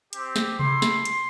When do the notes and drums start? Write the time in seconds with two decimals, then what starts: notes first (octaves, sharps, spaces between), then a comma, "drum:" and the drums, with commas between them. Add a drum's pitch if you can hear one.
0.13 C4 G4, drum: hi-hat
0.36 drum: snare
0.59 A3 E4 G4 C6, drum: tom C3
0.82 drum: snare
1.05 drum: hi-hat